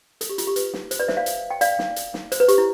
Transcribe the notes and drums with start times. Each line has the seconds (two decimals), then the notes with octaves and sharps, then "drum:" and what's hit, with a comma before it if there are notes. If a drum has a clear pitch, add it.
0.21 A4, drum: hi-hat
0.29 G4
0.38 F4, drum: hi-hat
0.47 G4
0.56 B4, drum: hi-hat
0.73 drum: snare
0.91 C5, drum: hi-hat
0.99 B4 D5
1.08 C5 E5, drum: snare
1.17 D5 F5
1.26 drum: hi-hat
1.50 G5
1.61 D5 F5, drum: hi-hat
1.79 drum: snare
1.96 drum: hi-hat
2.14 drum: snare
2.32 C5, drum: hi-hat
2.40 B4
2.48 G4, drum: hi-hat
2.58 E4